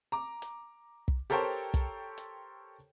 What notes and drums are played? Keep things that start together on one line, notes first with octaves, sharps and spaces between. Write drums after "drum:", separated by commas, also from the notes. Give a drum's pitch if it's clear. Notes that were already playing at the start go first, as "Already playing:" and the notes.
A#5 D6
drum: hi-hat
drum: kick
G4 A4 A#4 C5 C#5 G5, drum: hi-hat
drum: kick, hi-hat
drum: hi-hat